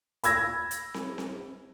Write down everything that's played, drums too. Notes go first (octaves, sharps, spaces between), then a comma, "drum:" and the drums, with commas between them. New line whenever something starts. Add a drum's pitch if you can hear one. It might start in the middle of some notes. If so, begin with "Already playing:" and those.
B5 E6 G#6 A#6, drum: hi-hat
drum: hi-hat
drum: snare C4
drum: snare C4